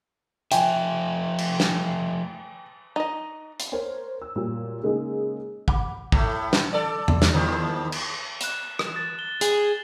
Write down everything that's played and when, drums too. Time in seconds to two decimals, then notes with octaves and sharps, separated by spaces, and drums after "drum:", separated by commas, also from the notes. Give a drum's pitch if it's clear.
0.52 F3 A3 E5 G5 G#5, drum: hi-hat
1.38 drum: cymbal
1.60 drum: snare
2.96 D#4 D#5
3.60 drum: hi-hat
3.72 A#4 C5 C#5
4.22 E6
4.36 A#2 F#3 G3
4.83 C#3 G#3 A#3 D#4 G#4
5.68 F#5 B5 D6, drum: kick
6.12 A2 A3, drum: kick
6.53 drum: snare
6.73 A4 D5
7.08 drum: tom E2
7.22 drum: snare
7.33 D#2 D#3 F3
7.92 drum: cymbal
8.41 F#6 E7, drum: hi-hat
8.79 drum: rim click
8.96 A6
9.19 G7
9.41 G#4, drum: hi-hat